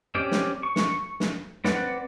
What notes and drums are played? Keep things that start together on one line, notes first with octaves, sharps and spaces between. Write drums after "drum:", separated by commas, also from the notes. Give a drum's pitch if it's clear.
C4 C#4 G4 D5
drum: snare
C#6
drum: snare
drum: snare
C4 B4 D5 F#5, drum: snare